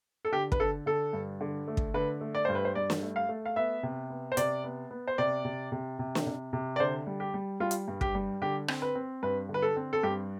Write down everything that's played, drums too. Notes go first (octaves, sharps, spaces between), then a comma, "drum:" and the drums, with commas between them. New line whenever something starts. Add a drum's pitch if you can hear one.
A4
D3 G4
B4, drum: kick
D3 A4
D3 A4
G2
D3
A3
drum: kick
D3 B4
A3
D5
G2 C5
B4
C5
G2 D5
drum: snare
A3
F5
A3
F5
B3 E5
C3
B3
C5
C3 D5, drum: hi-hat
B3
B3
C5
C3 D5
C3
C3
C3
drum: snare
C3
C3
D5
D3 C5
G3
G4
G3
G3 F4
drum: hi-hat
G2
G4, drum: kick
G3
D3 G4
C4, drum: rim click
B4
C4
G2 B4
D3
B4
A4
C4
A4
G2 G4